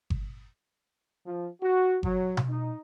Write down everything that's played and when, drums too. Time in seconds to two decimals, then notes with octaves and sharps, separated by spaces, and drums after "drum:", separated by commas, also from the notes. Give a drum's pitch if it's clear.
0.10 drum: kick G1
1.26 F3
1.62 F#4
2.03 F#3, drum: kick G1
2.37 drum: tom B2
2.50 D#4